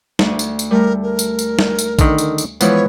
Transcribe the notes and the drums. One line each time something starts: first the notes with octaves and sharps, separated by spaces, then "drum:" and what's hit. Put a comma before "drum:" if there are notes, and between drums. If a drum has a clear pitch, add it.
D2, drum: snare
drum: tambourine
drum: tambourine
G3 A3 A#4
A#4
drum: tambourine
drum: tambourine
drum: snare
drum: tambourine
D3 D#3, drum: kick A#1, tambourine
drum: tambourine
drum: tambourine
E3 F3 G#3 B3 B4 C#5, drum: tambourine